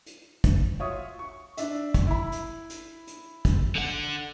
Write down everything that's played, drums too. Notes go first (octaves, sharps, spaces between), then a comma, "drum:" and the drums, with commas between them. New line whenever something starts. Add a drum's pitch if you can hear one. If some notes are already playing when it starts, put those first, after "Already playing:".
drum: hi-hat
drum: kick, hi-hat
F4 F#4 C#5 E5 C#6 D#6
C#6
D4 E5, drum: hi-hat
drum: kick, hi-hat
E4 B5
drum: hi-hat
drum: hi-hat
drum: hi-hat
drum: kick, hi-hat
D3 F#5